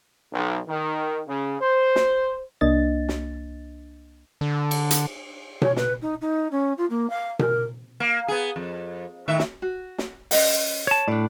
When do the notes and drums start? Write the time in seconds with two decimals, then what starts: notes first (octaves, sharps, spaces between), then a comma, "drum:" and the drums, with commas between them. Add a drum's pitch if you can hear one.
0.34 B1
0.68 D#3
1.28 C#3
1.60 C5
1.96 drum: snare
2.61 C2 A#3 D4 D#5 A6
3.09 drum: snare
4.41 D3
4.71 drum: cymbal
4.91 drum: hi-hat
5.62 C#5, drum: tom B2
5.76 B4, drum: snare
6.02 D#4
6.21 D#4
6.51 C#4
6.77 F4
6.90 A#3
7.09 F5
7.39 A#4, drum: tom B2
8.00 A#3
8.28 B3 G#4
8.56 F2
9.28 A2 D#3 E5
9.39 drum: snare
9.62 F#4
9.98 drum: snare
10.31 C#4 D#5 F#5, drum: open hi-hat
10.87 C#5 A5
11.08 A2 D4 D5